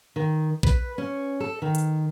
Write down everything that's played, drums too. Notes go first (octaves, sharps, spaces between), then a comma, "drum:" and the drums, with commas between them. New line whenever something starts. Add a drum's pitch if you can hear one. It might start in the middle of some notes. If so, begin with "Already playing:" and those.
D#3
B4, drum: kick A#1
C#4
A4
D#3
drum: hi-hat